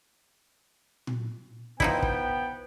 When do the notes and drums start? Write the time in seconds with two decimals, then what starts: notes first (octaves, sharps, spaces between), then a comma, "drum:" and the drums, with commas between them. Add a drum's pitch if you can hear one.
1.07 drum: tom A#2
1.80 F3 B3 D#4 E4 G5, drum: kick
2.02 drum: kick